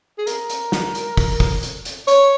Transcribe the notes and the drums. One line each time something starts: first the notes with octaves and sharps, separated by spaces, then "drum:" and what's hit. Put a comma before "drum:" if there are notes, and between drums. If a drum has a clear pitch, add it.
G#4
A#4, drum: hi-hat
drum: hi-hat
drum: snare
drum: hi-hat
drum: kick, open hi-hat
drum: kick, open hi-hat
drum: hi-hat
drum: hi-hat
C#5, drum: hi-hat